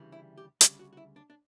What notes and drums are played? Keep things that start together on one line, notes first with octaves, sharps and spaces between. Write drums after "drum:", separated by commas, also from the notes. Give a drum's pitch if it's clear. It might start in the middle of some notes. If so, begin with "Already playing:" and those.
Already playing: D2 C#3 E3 G3
E4
G4
D2 C#3 G3 F#4, drum: hi-hat
F#4
F#4
E4
D4
D4